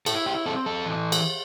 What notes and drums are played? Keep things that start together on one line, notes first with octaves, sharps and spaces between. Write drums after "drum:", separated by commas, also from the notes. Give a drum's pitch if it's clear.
E4 A4, drum: cymbal
G4
C4 A4
A4
E3
drum: cymbal